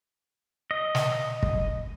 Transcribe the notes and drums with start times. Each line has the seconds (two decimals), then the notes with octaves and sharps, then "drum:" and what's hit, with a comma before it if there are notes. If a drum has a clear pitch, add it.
0.71 D#5
0.95 drum: snare
1.43 drum: kick